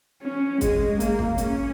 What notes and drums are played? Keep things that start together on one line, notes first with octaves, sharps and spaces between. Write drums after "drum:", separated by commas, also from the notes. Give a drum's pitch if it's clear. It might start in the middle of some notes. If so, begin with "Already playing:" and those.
C#4
G#3, drum: kick, hi-hat
A#3, drum: hi-hat
drum: kick
C#4, drum: hi-hat